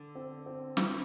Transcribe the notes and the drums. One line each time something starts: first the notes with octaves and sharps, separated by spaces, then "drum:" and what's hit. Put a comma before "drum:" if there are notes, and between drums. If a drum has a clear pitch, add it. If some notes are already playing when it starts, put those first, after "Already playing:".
Already playing: D3
C4
C4
drum: snare